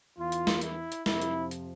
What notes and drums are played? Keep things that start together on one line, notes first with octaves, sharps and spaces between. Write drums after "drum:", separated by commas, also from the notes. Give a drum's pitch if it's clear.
E2 E3 F4
drum: hi-hat
drum: snare
E4, drum: hi-hat
drum: hi-hat
F2 C3 F3 E4, drum: snare
drum: hi-hat
drum: hi-hat